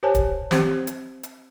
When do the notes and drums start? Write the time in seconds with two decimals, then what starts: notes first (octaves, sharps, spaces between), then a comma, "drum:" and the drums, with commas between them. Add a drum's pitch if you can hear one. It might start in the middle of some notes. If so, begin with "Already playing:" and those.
0.03 G4 A#4 C5 C#5 G#5 A5
0.15 drum: kick, hi-hat
0.51 C4 G4 C5, drum: snare
0.87 drum: hi-hat
1.23 drum: hi-hat